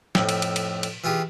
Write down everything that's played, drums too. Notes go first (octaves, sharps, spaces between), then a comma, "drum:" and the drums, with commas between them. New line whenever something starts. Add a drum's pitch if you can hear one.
F2 A2, drum: snare
drum: cymbal
drum: cymbal
drum: cymbal
drum: cymbal
E3 F4 G4 G#4